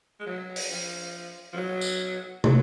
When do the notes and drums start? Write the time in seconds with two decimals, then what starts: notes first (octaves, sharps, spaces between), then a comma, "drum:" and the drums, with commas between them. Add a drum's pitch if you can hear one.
0.20 G#3
0.26 F#3
0.56 drum: open hi-hat
0.71 F3
1.53 F3
1.57 F#3
1.81 drum: tambourine
2.44 F#3, drum: tom